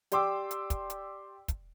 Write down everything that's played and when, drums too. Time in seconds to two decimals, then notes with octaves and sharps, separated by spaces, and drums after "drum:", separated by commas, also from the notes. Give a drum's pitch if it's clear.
0.12 G4 D5 G5 C6 D6 E6, drum: hi-hat
0.51 drum: hi-hat
0.70 drum: kick, hi-hat
0.90 drum: hi-hat
1.48 drum: kick, hi-hat